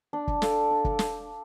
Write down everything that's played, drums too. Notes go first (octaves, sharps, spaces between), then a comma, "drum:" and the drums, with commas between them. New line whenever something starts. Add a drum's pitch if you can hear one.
D4
drum: kick
A4 D5 F5, drum: snare
D4
drum: kick
drum: snare